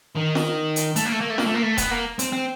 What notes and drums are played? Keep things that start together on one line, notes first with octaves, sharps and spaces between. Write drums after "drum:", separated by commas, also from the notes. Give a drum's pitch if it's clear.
D#3
drum: snare F4
drum: hi-hat
A3, drum: hi-hat
A#3
A3
A#3
A3
A#3, drum: snare F4
A3
A#3
A3
B3, drum: kick D#1, hi-hat
A#3
C4, drum: hi-hat
C4